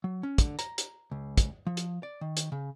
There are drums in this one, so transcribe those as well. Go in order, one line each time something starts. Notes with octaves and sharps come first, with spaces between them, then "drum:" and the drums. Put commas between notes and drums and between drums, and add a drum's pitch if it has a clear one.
F#3
C#4
D3, drum: kick, hi-hat
A#5, drum: hi-hat
drum: hi-hat
C#2
drum: kick, hi-hat
F3
drum: hi-hat
D5
D#3
drum: hi-hat
C#3